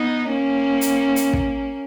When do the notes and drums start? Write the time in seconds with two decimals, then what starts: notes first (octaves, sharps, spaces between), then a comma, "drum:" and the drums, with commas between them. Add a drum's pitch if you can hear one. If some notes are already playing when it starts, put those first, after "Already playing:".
Already playing: B3 D#4
0.29 A#3 C#4
0.81 drum: hi-hat
1.16 drum: hi-hat
1.33 drum: kick